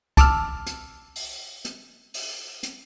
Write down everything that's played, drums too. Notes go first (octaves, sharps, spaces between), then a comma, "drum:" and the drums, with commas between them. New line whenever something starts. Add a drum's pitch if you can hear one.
A5 D6 E6 F6, drum: kick, hi-hat
drum: hi-hat
drum: open hi-hat
drum: hi-hat
drum: open hi-hat
drum: hi-hat